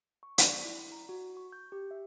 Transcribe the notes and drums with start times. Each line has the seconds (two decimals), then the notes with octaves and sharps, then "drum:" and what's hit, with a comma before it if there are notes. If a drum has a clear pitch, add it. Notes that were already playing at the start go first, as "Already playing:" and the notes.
0.23 C#6
0.38 D5, drum: hi-hat
0.65 E4
0.92 A#5
1.09 F#4
1.37 C#6
1.52 G6
1.72 G4
1.91 E5